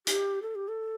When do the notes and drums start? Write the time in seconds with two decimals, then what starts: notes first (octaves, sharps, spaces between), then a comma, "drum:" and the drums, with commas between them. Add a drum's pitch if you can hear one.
0.07 G4, drum: hi-hat
0.42 A4
0.55 G4
0.68 A4